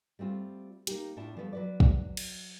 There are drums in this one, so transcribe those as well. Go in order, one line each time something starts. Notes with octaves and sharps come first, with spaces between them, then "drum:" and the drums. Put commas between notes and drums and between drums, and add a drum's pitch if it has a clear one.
G3 A3 C4 F4
A#3 D#4 G4, drum: hi-hat
A2 D4 E4 F4 A5
F3 G3 A3 B3 A4 B4
F#3 B4 D5
drum: kick
drum: cymbal